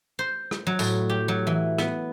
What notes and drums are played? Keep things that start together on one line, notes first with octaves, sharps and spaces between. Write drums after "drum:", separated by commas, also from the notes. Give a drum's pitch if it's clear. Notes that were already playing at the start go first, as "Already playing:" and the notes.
C5
drum: rim click
F#3
A2, drum: tambourine
G4
F#3
E3
B3, drum: rim click